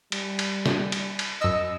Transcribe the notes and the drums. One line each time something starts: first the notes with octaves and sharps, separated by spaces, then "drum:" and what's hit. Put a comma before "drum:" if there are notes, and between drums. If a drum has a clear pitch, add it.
G3, drum: cymbal
drum: cymbal
drum: snare
drum: cymbal
drum: cymbal
F#2 D#5 E6